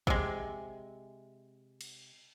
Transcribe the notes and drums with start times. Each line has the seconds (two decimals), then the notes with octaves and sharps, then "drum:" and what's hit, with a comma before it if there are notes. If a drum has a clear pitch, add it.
0.07 C3 G#3, drum: kick
1.81 drum: cymbal